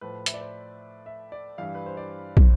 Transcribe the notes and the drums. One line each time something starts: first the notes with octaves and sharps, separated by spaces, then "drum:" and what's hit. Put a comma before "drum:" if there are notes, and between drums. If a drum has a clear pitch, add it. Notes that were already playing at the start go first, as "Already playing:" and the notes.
A2 F3 B4
E5, drum: hi-hat
D5
C5
E5
D5
G2 E3 G3 F5
B4
C5
D5
C5, drum: kick